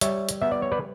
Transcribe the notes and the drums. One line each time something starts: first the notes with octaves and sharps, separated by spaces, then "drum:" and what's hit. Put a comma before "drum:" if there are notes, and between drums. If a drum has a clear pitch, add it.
G3 C#5 E5, drum: hi-hat
drum: hi-hat
B3 E5
D5
C#5
B4 D5